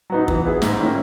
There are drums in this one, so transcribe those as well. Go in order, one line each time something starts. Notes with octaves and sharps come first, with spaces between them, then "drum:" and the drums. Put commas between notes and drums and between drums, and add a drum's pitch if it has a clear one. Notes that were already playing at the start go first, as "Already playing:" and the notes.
F#3 B3 D#4
E3, drum: kick
B3 E4 G#4
G#2, drum: snare
D#3 A#3 C#4 E4